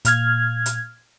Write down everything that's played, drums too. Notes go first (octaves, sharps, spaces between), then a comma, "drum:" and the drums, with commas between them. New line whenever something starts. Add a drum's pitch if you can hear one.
A#2 F6 G#6, drum: hi-hat
drum: hi-hat